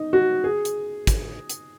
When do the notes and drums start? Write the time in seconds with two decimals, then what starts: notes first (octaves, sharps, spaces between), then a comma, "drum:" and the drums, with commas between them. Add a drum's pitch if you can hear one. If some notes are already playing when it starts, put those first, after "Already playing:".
Already playing: D#4
0.13 F#4
0.44 G#4
0.65 drum: hi-hat
1.07 drum: kick, hi-hat
1.50 drum: hi-hat